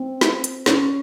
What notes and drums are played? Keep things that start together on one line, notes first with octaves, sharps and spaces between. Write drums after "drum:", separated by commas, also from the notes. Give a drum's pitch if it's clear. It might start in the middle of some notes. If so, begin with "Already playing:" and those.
Already playing: C4
drum: snare
drum: hi-hat
C#4, drum: snare